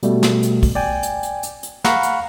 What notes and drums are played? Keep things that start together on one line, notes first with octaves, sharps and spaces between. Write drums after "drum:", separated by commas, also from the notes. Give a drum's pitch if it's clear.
B2 G3 A3, drum: hi-hat
drum: snare
drum: hi-hat
drum: kick, open hi-hat
D5 G5 G#5
drum: hi-hat
drum: hi-hat
drum: hi-hat
drum: hi-hat
F5 F#5 A#5 B5 C#6, drum: snare
drum: hi-hat